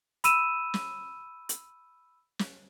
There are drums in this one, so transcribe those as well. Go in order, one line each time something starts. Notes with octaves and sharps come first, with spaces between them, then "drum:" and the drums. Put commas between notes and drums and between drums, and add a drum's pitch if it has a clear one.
B5 E6 D#7 E7, drum: hi-hat
drum: snare
drum: hi-hat
drum: snare